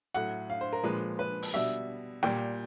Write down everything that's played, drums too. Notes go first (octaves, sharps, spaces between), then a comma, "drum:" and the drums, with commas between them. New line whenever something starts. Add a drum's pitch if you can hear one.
A2 F#3 F#5, drum: hi-hat
F5
C5
A#4
A#2 F3 G#3 B4
B4
drum: open hi-hat
B2 G3 E5
A#2 G3 G5, drum: snare